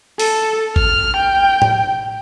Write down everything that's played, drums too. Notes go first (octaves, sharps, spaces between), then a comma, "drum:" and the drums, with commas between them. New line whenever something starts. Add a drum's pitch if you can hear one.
A4, drum: open hi-hat
F6, drum: kick G#1
G5
drum: tom A2